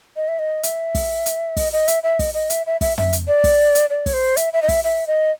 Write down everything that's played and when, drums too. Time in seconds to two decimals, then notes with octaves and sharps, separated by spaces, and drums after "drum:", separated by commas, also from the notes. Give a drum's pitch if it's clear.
0.16 D#5
0.28 E5
0.39 D#5
0.63 E5, drum: hi-hat
0.95 drum: kick, open hi-hat
1.26 drum: hi-hat
1.57 D#5, drum: kick, open hi-hat
1.73 D#5
1.88 E5, drum: hi-hat
2.03 E5
2.19 D#5, drum: kick, open hi-hat
2.34 D#5
2.50 E5, drum: hi-hat
2.67 E5
2.81 E5, drum: kick, open hi-hat
2.98 E5, drum: tom
3.13 drum: hi-hat
3.28 D5
3.44 drum: kick, open hi-hat
3.75 drum: hi-hat
3.90 D5
4.06 C#5, drum: kick, open hi-hat
4.13 C5
4.37 E5, drum: hi-hat
4.53 E5
4.62 D#5
4.69 E5, drum: kick, open hi-hat
4.84 E5
5.07 D#5